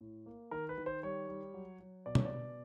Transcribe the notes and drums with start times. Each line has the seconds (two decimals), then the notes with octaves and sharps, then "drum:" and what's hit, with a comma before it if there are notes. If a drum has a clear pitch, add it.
0.01 A2
0.26 A#3
0.51 D#3 A#4
0.69 B4
0.78 D#3
0.86 C5
1.03 G3 C#5
1.28 G3
1.54 F#3
1.80 F#3
2.06 B2 D5
2.15 C#5, drum: tom
2.25 D5
2.32 B2